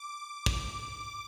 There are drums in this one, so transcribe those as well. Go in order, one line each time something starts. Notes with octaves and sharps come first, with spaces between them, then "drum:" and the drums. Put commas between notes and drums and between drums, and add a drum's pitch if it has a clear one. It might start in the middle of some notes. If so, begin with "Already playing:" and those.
Already playing: D6
D6, drum: kick